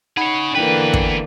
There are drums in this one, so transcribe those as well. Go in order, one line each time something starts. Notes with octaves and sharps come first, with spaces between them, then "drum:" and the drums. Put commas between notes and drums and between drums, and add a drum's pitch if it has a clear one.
D#4 G#4 C#5 F#5 B5
E2 D3 E3 A#3 B4 G5
drum: kick